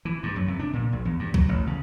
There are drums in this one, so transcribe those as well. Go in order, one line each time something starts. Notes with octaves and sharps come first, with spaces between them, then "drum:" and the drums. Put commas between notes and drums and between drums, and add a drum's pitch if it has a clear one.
E3
G2
F#2
C3
D4
A#2
A#1
E2
G2
F#3, drum: kick C2
A1
C#3